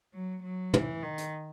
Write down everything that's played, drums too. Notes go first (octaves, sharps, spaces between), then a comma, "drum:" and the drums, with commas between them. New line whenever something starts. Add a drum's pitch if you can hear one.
F#3
F#3
E3, drum: tom
D#3
drum: hi-hat